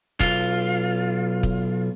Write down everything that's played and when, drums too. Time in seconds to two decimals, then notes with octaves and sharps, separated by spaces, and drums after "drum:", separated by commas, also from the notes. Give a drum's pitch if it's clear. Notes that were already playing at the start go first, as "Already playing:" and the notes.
0.20 B1 F4, drum: kick
1.43 drum: kick